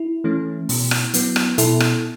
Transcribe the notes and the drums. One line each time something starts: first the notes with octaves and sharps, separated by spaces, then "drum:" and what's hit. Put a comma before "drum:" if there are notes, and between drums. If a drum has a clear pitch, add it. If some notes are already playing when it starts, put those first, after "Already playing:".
Already playing: E4
E3 A3 C#4
B2, drum: open hi-hat
drum: rim click
F#3 B3, drum: hi-hat
drum: rim click
B2 E4 A4, drum: hi-hat
drum: rim click